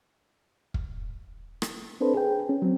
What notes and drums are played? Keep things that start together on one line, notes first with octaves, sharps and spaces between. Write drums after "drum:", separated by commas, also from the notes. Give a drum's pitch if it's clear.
drum: kick
drum: rim click
C4 D4 A4 B4 C5
G#4 G5
C#4
F#3 C4